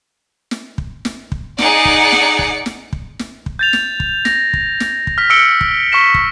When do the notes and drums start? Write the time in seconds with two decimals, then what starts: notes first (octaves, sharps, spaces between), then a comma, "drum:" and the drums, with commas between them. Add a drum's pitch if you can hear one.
0.51 drum: snare
0.78 drum: kick
1.05 drum: snare
1.32 drum: kick
1.58 D#4 G#4 D5 F#5 C#7, drum: snare
1.85 drum: kick
2.12 drum: snare
2.39 drum: kick
2.66 drum: snare
2.93 drum: kick
3.19 drum: snare
3.46 drum: kick
3.59 G6 A6 F7
3.73 drum: snare
4.00 drum: kick
4.25 A#6, drum: snare
4.53 drum: kick
4.80 drum: snare
5.07 drum: kick
5.18 F6 B6
5.30 E6 C#7 D7 G7
5.61 drum: kick
5.92 C#6 F6 B6 E7
6.14 drum: kick